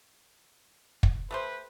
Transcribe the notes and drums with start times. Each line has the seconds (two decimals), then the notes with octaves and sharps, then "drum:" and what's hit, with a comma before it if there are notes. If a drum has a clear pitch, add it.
1.03 drum: kick
1.31 A3 G4 B4 C5